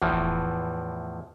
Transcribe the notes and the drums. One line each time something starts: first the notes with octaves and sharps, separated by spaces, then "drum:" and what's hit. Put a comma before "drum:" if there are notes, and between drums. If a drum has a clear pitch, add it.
E2 A2 E3 F3, drum: kick